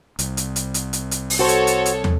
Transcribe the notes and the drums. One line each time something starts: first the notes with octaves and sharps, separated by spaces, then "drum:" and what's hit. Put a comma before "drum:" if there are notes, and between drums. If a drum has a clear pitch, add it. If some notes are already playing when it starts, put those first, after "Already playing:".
C2, drum: hi-hat
drum: hi-hat
drum: hi-hat
drum: hi-hat
drum: hi-hat
drum: hi-hat
drum: open hi-hat
F#4 A4 C5 C#5
drum: hi-hat
drum: hi-hat
drum: hi-hat
drum: tom